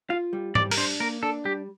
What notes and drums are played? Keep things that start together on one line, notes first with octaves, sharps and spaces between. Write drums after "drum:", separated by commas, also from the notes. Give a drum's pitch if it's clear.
F4 F5
G3
G3 D5, drum: tom
A#4, drum: open hi-hat
D4 C5
A#3 A#4
D4 A4
G3 G4